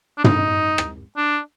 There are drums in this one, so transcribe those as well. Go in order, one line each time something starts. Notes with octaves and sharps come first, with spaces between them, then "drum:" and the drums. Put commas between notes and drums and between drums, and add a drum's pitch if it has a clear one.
D4
D#4, drum: tom
drum: rim click
D4